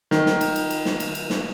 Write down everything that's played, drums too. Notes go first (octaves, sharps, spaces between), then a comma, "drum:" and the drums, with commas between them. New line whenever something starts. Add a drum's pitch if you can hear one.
D#3, drum: snare
drum: snare
drum: cymbal
drum: cymbal
drum: cymbal
drum: snare
drum: cymbal
drum: cymbal
drum: snare